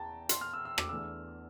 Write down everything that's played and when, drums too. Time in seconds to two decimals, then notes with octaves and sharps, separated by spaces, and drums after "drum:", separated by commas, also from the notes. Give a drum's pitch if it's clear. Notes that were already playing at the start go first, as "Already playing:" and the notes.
Already playing: E2 G5 A5 A#5
0.29 C6, drum: hi-hat
0.41 F6
0.53 E6
0.65 E6
0.78 D6, drum: rim click
0.89 E2 E3 A3 D4 E6